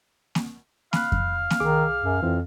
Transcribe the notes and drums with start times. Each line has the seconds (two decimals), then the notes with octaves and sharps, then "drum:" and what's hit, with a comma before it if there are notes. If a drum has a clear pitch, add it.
0.35 drum: snare A#3
0.93 F5 B5 F#6, drum: snare A#3
1.12 drum: kick F2
1.50 drum: snare A#3
1.60 C2 D#3 G#4 D6
2.01 F#2
2.23 F2 E3 C4 F4